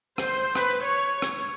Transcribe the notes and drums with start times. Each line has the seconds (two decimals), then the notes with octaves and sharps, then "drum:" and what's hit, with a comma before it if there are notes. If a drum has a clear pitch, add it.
0.18 C5, drum: rim click
0.55 B4, drum: rim click
0.84 C#5
1.22 drum: rim click